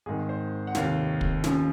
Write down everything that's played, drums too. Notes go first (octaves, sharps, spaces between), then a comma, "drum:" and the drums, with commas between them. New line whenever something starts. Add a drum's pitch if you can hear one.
G#1 G#2 D#3 G#4
C5
F#5
F1 D#2 D#3 F5, drum: snare
drum: kick
D#2 C#3 F3, drum: snare